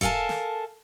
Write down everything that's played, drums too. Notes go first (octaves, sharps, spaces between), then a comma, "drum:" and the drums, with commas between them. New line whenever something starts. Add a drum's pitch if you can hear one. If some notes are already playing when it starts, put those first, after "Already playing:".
A4 A#4 F5 G#5 A5, drum: kick E1
drum: snare